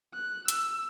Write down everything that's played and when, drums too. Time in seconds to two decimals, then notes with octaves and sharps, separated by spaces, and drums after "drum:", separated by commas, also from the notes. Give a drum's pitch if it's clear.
0.14 F#6
0.48 E6, drum: hi-hat